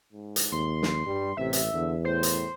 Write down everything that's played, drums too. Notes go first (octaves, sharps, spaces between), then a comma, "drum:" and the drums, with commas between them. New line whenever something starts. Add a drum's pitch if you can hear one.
G#2
drum: hi-hat
D#2 C6
drum: snare
G2 G3
A1 C3 E5
drum: hi-hat
E2 D3
A2 C5
drum: hi-hat